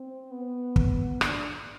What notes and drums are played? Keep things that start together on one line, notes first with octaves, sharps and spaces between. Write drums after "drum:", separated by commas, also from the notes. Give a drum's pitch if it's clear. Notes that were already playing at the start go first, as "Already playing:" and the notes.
Already playing: C4
B3
drum: kick
D4, drum: rim click